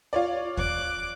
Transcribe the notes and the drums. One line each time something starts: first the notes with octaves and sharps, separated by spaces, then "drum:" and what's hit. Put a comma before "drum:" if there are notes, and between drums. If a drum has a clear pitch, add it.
F4 C#5 D5
D6 F#6, drum: kick D#2